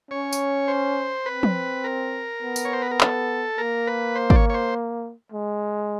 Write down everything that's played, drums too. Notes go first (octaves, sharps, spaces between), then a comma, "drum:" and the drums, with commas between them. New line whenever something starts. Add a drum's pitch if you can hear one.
C#4 C#5
drum: tambourine
C5
C4 B4
drum: tom F3
A#4
B3
drum: tambourine
C#5
C5
B4
A#4
A4, drum: clap
A#3 A#4
B4
C5
D5, drum: kick
C#5
C#5
C5
G#3